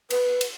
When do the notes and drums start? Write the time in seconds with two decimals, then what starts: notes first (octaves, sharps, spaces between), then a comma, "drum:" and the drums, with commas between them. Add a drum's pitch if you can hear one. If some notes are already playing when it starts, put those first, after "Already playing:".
0.11 B4, drum: cymbal
0.41 drum: cymbal